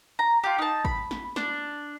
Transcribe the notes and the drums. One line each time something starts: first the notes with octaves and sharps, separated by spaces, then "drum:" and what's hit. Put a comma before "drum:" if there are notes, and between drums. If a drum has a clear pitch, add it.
A#5
F4 G4
D#4 A5
B5, drum: kick
drum: snare
D4, drum: snare